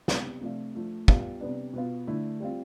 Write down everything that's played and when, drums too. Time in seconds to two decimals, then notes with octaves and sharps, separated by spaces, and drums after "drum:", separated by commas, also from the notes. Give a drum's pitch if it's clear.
0.08 C3 G3 B3, drum: snare
0.41 C3 F3 A3 D4 F4
0.74 F3 A3 D4
1.08 G3 B3 F4, drum: kick
1.40 C3 G3 B3 D4
1.73 B2 B3 F4
2.07 D3 A3 E4
2.40 G3 C4 F4